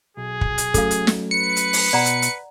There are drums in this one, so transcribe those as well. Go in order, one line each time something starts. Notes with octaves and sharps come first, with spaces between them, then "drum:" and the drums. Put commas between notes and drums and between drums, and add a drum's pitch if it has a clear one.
B1 G#4
drum: kick
drum: hi-hat
F#3 A3 C#4 A4 F5, drum: kick, hi-hat
drum: hi-hat
drum: snare
B4 C#7
drum: hi-hat
drum: open hi-hat
B2 D5 F#5 A#5
drum: hi-hat
drum: hi-hat